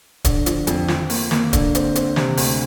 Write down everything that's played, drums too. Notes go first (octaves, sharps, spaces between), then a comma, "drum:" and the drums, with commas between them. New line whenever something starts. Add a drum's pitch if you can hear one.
D3, drum: kick, hi-hat
F3, drum: hi-hat
F2, drum: hi-hat
F3, drum: snare
A#3, drum: open hi-hat
A#3, drum: snare
D3, drum: kick, hi-hat
C4, drum: hi-hat
C4, drum: hi-hat
C3, drum: snare
D2, drum: open hi-hat